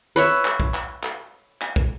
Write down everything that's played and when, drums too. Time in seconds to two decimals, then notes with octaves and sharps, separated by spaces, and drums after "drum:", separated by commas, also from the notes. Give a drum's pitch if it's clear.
0.16 B4 C#5 E5
0.45 drum: clap
0.60 drum: kick
0.74 drum: clap
1.03 drum: clap
1.62 drum: clap
1.76 drum: kick